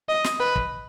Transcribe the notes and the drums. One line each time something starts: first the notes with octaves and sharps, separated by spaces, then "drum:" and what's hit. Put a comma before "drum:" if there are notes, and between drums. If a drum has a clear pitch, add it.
D#5
drum: snare
B4
drum: kick